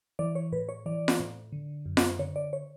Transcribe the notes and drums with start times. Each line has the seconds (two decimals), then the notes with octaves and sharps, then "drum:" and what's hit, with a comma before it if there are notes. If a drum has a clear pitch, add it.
0.19 E3 D5
0.35 C#5
0.52 A2 B4
0.69 C#5
0.86 E3 D5
1.08 drum: snare F4
1.20 A2
1.52 D3
1.86 F#2
1.97 drum: snare F4
2.19 D3 C#5
2.36 D5
2.53 C#5